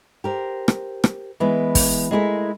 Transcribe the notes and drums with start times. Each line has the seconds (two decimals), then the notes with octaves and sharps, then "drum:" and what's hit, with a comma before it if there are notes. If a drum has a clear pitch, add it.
0.24 G4 A#4 C5
0.68 drum: rim click
1.04 drum: rim click
1.40 E3 G#3 B3
1.75 drum: kick, open hi-hat
2.11 G#3 A3 E4 G4 G#4 A#4